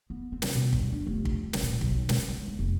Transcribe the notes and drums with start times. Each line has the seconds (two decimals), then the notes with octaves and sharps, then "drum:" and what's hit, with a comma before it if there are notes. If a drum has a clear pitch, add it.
0.10 B3
0.32 C4
0.42 drum: snare
0.55 B2
0.73 G2, drum: kick
0.92 D4
1.07 F1
1.25 drum: kick
1.53 drum: snare
1.63 A#2
1.81 B1, drum: kick
2.09 G#3, drum: snare
2.28 D3
2.48 G#3
2.59 F1